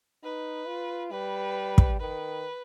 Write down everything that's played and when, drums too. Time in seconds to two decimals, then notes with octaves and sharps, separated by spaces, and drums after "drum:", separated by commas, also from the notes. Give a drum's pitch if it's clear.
0.23 D#4 B4
0.67 F4
1.11 G3 B4
1.78 drum: kick
2.00 D#3 B4